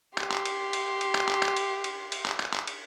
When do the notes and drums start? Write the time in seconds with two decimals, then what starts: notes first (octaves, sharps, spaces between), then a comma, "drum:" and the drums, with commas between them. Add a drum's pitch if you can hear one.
0.18 G4 C6, drum: clap
0.32 drum: clap
0.46 drum: cymbal
0.73 drum: cymbal
1.01 drum: cymbal
1.15 drum: clap
1.29 drum: clap
1.43 drum: clap
1.56 drum: cymbal
1.84 drum: cymbal
2.12 drum: cymbal
2.26 drum: clap
2.40 drum: clap
2.54 drum: clap
2.67 drum: cymbal